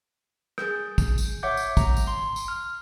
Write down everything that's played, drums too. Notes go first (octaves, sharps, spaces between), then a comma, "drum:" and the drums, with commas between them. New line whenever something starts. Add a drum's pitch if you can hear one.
G#4 G6, drum: rim click
drum: kick, tambourine
drum: tambourine
C#5 E5 F#5 D6 G6
drum: tambourine
A#5, drum: kick, tambourine
drum: tambourine
C6
drum: tambourine
F6